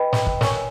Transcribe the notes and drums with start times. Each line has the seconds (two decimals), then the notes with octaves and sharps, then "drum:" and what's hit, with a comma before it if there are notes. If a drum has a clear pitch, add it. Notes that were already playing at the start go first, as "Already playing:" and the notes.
Already playing: B4 D#5 G5 B5
0.13 drum: snare
0.27 drum: kick
0.41 A#4 C#5 G#5 C#6, drum: snare